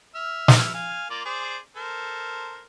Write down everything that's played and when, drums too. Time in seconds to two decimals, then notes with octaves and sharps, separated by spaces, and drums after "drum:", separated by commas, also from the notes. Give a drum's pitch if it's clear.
0.15 E5 F6
0.48 drum: snare
0.74 F5 G#5
1.10 A#3 F4 D5
1.25 G#4 C5 D5
1.76 A4 A#4 C5